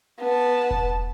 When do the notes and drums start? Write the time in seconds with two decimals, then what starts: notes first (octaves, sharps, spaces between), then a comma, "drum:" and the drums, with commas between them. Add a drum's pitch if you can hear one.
0.20 B3 A5
0.71 drum: kick E1